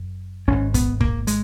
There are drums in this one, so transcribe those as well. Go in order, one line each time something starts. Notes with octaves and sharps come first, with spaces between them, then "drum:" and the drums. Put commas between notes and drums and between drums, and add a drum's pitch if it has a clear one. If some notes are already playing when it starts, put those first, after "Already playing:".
Already playing: F#1 F#2
G#1 G#2 C#4
B3, drum: kick, hi-hat
A#3, drum: kick
G#3, drum: hi-hat